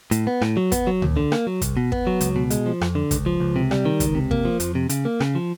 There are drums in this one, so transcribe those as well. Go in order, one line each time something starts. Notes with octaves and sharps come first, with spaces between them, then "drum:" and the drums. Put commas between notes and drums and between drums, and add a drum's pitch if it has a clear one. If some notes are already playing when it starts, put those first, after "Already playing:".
A2, drum: hi-hat
B3
A2, drum: rim click
F#3
B3, drum: kick, hi-hat
F#3
D#2, drum: tom C#2
D3
A#3, drum: rim click
F#3
C2, drum: kick, hi-hat
B2
B3, drum: kick
F#3
C#2, drum: hi-hat
B2
G#3, drum: hi-hat
F3
F2, drum: rim click
D3
C#2, drum: kick, hi-hat
F3
C#2
C3
G3, drum: rim click
D#3
C#2, drum: kick, hi-hat
C3
A#3, drum: kick
F3
F2, drum: hi-hat
C3
C#3, drum: hi-hat
A#3
C#3, drum: rim click
F3